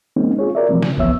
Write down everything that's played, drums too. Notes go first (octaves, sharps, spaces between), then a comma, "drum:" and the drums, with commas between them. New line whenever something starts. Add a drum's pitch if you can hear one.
E3 G#3 A#3 C4 C#4 D#4
F4 G#4 C#5
F#4 A#4 D5 E5
B2 E3 F3 G3 A3 C4
C#3, drum: snare
E3 F3 B3 C#5 E5 E6, drum: kick